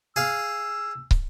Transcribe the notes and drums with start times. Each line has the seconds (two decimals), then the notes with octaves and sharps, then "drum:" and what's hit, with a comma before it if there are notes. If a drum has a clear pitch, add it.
0.16 G#4 F5 E6
1.11 drum: kick